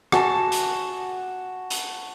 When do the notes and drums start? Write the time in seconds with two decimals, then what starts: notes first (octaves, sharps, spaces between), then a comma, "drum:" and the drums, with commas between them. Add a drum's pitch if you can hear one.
0.12 F#4 G#5 A5, drum: rim click
0.52 drum: hi-hat
1.70 drum: hi-hat